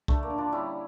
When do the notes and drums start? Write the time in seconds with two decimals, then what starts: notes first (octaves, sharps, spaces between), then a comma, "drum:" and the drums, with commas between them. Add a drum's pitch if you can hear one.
0.08 D3 A3, drum: kick
0.23 A#3
0.30 D3
0.38 D4 F4
0.52 G3 C#4 E4